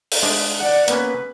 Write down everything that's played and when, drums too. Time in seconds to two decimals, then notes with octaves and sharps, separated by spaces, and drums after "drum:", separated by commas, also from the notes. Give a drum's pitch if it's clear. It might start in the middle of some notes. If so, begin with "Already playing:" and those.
0.12 drum: open hi-hat
0.23 G#3 D4
0.59 D5 F#5
0.88 A#3 B3 C#4 B4, drum: hi-hat